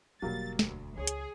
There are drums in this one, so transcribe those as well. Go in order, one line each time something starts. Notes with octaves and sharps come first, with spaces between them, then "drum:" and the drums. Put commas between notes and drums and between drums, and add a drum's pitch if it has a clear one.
E1 D3 F#3 G3 A#3 A6
D2, drum: snare
C#2 G#4 C#5
drum: hi-hat